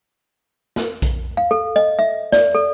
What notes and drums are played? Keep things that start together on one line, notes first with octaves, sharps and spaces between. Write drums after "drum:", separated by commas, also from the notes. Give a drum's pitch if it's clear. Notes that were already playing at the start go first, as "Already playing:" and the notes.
drum: snare
drum: kick A#1, hi-hat
F5
A4
D#5
E5
D5, drum: snare
A4